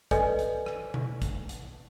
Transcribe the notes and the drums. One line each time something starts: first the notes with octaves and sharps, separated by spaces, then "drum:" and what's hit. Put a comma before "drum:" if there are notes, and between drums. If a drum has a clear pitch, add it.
A4 B4 D5 D#5 G#5, drum: kick, hi-hat
drum: hi-hat
drum: rim click
drum: tom B2
drum: kick, hi-hat
drum: hi-hat